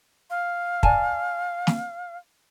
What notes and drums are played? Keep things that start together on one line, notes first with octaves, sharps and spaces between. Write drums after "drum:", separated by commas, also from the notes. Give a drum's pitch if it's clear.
F5
D5 G#5 A5, drum: kick
drum: snare